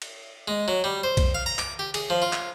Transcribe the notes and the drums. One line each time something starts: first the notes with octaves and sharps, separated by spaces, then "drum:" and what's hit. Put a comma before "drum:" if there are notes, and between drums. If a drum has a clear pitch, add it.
drum: cymbal
G#3
F#3
G3
C5
drum: kick B1, cymbal
F5
A#5
D6, drum: clap
G4
G#4, drum: cymbal
F3
F4
drum: clap